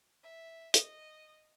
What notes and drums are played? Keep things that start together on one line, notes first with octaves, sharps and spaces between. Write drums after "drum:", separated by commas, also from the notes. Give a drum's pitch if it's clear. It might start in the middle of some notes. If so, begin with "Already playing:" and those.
E5
D#5, drum: hi-hat